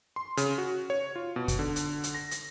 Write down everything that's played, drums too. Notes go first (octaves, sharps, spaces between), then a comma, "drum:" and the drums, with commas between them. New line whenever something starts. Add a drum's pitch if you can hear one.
C6
C#3, drum: hi-hat
F#4
C#5
F4
B2
drum: kick, hi-hat
D3
drum: hi-hat
drum: hi-hat
A#6
drum: hi-hat